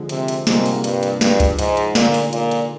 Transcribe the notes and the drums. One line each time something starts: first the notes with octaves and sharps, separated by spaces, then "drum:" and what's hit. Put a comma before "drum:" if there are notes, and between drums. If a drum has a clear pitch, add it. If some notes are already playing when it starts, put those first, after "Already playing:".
Already playing: D3 F3 G#3
C3, drum: hi-hat
drum: hi-hat
G#2 C3 G3 A#3 F4 A#4, drum: snare
drum: open hi-hat
G2, drum: hi-hat
drum: hi-hat
G2 F3 G#3 D4, drum: snare
drum: kick C#2, hi-hat
G#2, drum: hi-hat
drum: hi-hat
A#2 D3 G#3 D#4, drum: snare
drum: open hi-hat
A#2, drum: hi-hat
drum: hi-hat